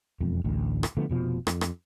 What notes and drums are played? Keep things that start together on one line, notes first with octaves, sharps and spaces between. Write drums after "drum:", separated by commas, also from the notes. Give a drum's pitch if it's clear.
E1 F2
A1 D2
drum: rim click
D3 F3 A3 B3
F1 B2 F3
F2, drum: rim click
drum: rim click